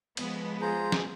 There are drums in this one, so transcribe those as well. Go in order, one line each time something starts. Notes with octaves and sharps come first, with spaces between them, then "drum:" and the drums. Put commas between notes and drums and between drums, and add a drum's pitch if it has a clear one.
F3 G#3 B3, drum: cymbal
F4 G#4 C5 A#5
drum: snare